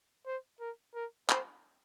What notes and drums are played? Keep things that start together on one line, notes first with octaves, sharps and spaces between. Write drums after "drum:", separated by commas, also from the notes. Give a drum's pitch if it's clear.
C5
A#4
A#4
C5, drum: clap